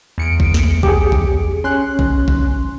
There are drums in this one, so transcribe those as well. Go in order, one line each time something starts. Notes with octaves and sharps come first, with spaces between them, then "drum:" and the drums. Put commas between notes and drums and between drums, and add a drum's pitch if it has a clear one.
E2 C#7 D7
drum: kick A1
drum: snare
G4 G#4, drum: kick A1
drum: kick A1
C#4 C6 F#6
drum: kick A1
drum: kick A1